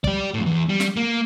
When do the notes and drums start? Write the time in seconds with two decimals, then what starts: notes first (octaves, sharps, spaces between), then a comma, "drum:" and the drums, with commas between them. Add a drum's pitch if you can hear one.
0.04 G4 D5, drum: kick
0.34 F2 A2
0.46 E2
0.69 G3
0.80 drum: snare
0.97 A#3